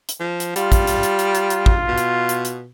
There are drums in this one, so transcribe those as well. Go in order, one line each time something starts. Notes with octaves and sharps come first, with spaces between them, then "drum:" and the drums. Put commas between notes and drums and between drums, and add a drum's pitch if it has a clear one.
drum: hi-hat
F3
drum: hi-hat
G3 F4, drum: hi-hat
drum: kick, hi-hat
drum: hi-hat
drum: hi-hat
drum: hi-hat
drum: hi-hat
drum: hi-hat
drum: kick
B2
drum: hi-hat
drum: hi-hat
drum: hi-hat